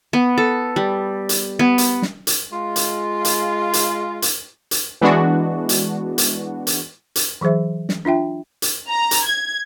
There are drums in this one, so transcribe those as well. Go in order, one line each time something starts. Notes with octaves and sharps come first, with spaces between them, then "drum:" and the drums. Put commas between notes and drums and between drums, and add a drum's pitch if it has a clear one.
B3
A4
G3
drum: hi-hat
B3
drum: hi-hat
drum: snare
drum: hi-hat
G#3 F4
drum: hi-hat
drum: hi-hat
drum: hi-hat
drum: hi-hat
drum: hi-hat
E3 G#3 B3 D4 F#4
drum: hi-hat
drum: hi-hat
drum: hi-hat
drum: hi-hat
E3 F#3 G#4 C5 E5
drum: snare
D4 F4 E5 G5
drum: hi-hat
A#5
drum: hi-hat
G#6